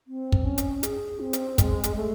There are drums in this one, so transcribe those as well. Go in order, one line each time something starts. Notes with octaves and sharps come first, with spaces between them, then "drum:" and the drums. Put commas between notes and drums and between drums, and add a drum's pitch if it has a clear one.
C4
drum: kick
C#4
drum: hi-hat
G#4, drum: hi-hat
C4
drum: hi-hat
G#3, drum: kick, hi-hat
drum: hi-hat
A3